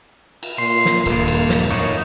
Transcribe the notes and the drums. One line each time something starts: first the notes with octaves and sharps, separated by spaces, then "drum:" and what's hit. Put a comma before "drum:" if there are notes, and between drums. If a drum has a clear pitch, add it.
drum: cymbal
A#2 C6
drum: snare
D#1 G2 A#3, drum: cymbal
drum: cymbal
drum: snare
F2 A2 D#4 C#5, drum: cymbal